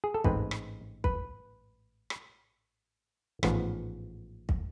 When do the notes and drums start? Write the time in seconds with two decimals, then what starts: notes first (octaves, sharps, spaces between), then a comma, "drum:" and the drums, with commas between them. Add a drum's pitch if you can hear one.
0.04 G#4
0.14 A4
0.24 A1 G#2 G#3 C4 B4, drum: kick
0.51 drum: rim click
1.04 B4, drum: kick
2.10 drum: rim click
3.43 A1 G#2 F3 B3, drum: rim click
4.49 drum: kick